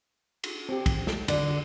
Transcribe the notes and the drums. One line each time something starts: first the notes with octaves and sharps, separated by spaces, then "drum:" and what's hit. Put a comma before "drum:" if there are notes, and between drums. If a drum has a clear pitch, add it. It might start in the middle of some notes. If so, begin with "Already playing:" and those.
drum: cymbal
C4 G4
drum: kick, cymbal
drum: snare
D3, drum: cymbal